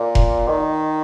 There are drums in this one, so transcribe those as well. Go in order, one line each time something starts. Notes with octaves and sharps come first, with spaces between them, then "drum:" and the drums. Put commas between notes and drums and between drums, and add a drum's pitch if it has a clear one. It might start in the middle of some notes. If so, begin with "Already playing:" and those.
Already playing: A#2
drum: kick F1
D#3